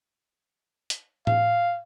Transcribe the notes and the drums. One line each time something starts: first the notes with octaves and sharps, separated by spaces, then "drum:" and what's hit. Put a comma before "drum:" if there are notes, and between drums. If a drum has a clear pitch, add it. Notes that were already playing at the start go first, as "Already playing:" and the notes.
drum: hi-hat
F5, drum: tom A2